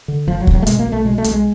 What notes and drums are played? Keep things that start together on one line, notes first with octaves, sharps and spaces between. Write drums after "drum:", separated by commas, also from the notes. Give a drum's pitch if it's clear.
D3
G1 F3
F#3
G1, drum: kick
F#3
A3
B2 G#3, drum: hi-hat
A#3
B1
A3
B2 G#3
A3
B1, drum: hi-hat
G#3